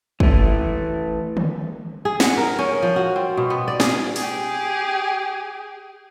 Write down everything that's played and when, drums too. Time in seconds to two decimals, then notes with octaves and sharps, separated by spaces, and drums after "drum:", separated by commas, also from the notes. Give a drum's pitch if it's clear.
0.20 E3 A3, drum: kick
1.37 drum: tom D3
2.05 G#4
2.20 F#5, drum: snare
2.37 A#4
2.59 C#4
2.82 F3
2.96 F#4
3.16 C4
3.37 B2
3.50 B3
3.68 D5
3.80 G#4, drum: snare
4.16 G4 G#4, drum: open hi-hat